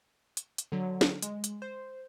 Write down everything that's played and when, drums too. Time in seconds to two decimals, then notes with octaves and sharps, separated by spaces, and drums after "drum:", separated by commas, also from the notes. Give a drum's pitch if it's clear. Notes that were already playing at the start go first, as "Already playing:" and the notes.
0.37 drum: hi-hat
0.58 drum: hi-hat
0.72 D3 F#3
1.01 drum: snare
1.22 G#3, drum: hi-hat
1.44 drum: hi-hat
1.62 C5